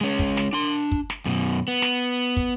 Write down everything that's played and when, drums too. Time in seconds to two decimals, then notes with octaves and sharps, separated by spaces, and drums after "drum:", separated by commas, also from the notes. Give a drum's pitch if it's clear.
0.01 G#3 C#4
0.19 drum: kick
0.37 drum: snare
0.53 D4 C6
0.92 drum: kick
1.10 drum: snare
1.26 F#2 B2
1.68 B3
1.82 drum: snare
2.37 drum: kick